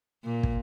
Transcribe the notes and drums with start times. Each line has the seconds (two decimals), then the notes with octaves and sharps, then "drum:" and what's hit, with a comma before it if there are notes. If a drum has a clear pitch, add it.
0.24 A#2
0.43 drum: kick